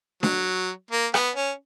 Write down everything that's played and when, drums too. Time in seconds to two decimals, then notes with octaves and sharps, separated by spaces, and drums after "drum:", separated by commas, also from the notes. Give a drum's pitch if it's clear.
0.23 F#3, drum: snare D4
0.91 A#3
1.14 B3, drum: rim click
1.36 C#4